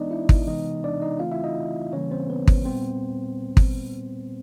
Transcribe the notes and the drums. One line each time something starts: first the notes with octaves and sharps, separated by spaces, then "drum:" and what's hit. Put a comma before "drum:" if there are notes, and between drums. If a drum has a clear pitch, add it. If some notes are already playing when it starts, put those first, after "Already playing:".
Already playing: E3 G#3 B3 D4 D#4 D5 D#5
E4 E5
drum: kick
C3 E3 G#3 B3 D#4 D#5
D4 D5
D#4 D#5
C#3 E3 A3 C4 F4 F5
E4 E5
D#4 D#5
C#3 E3 G3 A#3 C#4 C#5
C4 C5
B3 B4
drum: kick
A#2 G3 B3 C4 C5
drum: kick